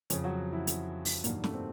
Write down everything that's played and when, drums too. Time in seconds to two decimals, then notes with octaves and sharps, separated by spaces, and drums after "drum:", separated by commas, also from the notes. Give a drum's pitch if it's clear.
0.10 F2 C#3 F3 C#4, drum: hi-hat
0.24 F#3 F#4
0.53 E3 E4
0.67 drum: hi-hat
1.05 drum: open hi-hat
1.24 G2 A#2 D#3 F#3 A#3, drum: hi-hat
1.44 A3, drum: snare
1.54 C4